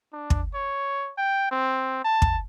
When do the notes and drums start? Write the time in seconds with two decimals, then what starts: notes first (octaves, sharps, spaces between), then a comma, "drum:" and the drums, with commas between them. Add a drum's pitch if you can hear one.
0.13 D4
0.30 drum: kick
0.54 C#5
1.18 G5
1.51 C4
2.04 A5
2.22 drum: kick